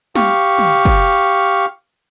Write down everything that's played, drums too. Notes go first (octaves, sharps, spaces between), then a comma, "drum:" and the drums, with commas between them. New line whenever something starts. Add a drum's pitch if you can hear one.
G4 F5 C#6, drum: snare
drum: tom
drum: kick